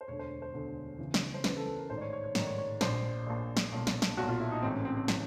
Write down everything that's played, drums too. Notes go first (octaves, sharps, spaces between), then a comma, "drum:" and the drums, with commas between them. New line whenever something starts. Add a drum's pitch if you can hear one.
C5
E1 D2 D3 C#5
C5
C5
E1 D2 D3
C#2 C#3 E3
drum: snare
C5
C#2 C#3 E3 B4, drum: snare
A4
A4
A#4
A1 G#2 D#3 C5
D5
C#5
C#5
C#5
A1 G#2 D#3 D5, drum: snare
C#5
C#5
A#1 A#2 C5, drum: snare
A#1 A#2
drum: snare
B1 A#2
drum: snare
drum: snare
B1 A#2 F#4
F4
E4
D#4
A1 G#2 E3 C4
C#4
C4
C4
E3, drum: snare